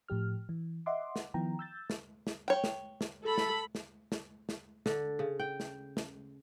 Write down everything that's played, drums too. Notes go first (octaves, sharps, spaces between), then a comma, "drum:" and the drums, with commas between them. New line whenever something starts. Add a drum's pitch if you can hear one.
A2 F3 G4 F6
E3
D#5 E5 F#5 C6 D6
drum: snare
D#3 F3 B3 E4 G5 A#5
E6 G6 A6
drum: snare
drum: snare
C#5 G5
drum: snare
drum: snare
A4 B5
drum: snare
drum: snare
drum: snare
drum: snare
D3, drum: snare
C#3
G5
drum: snare
drum: snare